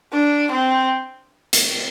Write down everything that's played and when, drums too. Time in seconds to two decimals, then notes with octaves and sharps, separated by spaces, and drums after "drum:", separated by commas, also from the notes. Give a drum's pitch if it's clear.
0.12 D4
0.51 C4
1.53 drum: hi-hat